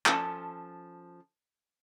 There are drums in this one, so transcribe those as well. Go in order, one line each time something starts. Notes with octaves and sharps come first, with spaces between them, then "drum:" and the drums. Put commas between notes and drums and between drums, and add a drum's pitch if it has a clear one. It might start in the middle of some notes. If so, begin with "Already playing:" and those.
F3 C#4 A4 A5, drum: clap